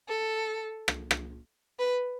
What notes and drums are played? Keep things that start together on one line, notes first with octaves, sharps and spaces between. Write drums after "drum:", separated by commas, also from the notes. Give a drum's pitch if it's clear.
A4
drum: rim click
drum: rim click
B4